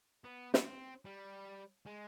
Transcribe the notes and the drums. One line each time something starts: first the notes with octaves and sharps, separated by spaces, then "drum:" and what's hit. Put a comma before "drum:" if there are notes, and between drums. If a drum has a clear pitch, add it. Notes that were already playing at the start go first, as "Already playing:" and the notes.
B3
B3, drum: snare
C4
G3
G#3